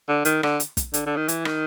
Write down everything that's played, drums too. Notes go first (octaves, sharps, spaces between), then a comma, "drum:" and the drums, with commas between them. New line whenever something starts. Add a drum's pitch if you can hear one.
D3
D#3, drum: hi-hat
D3, drum: rim click
drum: hi-hat
drum: kick, hi-hat
D3, drum: hi-hat
D3
D#3
E3, drum: hi-hat
D#3, drum: rim click